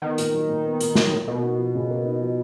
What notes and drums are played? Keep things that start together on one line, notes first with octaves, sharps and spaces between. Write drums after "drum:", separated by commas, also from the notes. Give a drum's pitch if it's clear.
D#3 B3
A#2, drum: hi-hat
F#3
A#2
B3
A#2, drum: hi-hat
F#3, drum: snare
A#2
B2 A#3
D#4
F3
C#3
A#3
D#4
F3